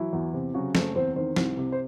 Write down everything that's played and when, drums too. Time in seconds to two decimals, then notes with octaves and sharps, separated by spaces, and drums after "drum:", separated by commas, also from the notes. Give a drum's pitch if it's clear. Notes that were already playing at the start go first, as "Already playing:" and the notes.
Already playing: E3 F#3 E4
0.13 E2
0.34 C3
0.54 C#3 F#3 F#4
0.75 F#1 A3 A4, drum: snare
0.96 E2 C4 C5
1.16 D#3 C4 C5
1.36 C2, drum: snare
1.57 C3
1.72 C5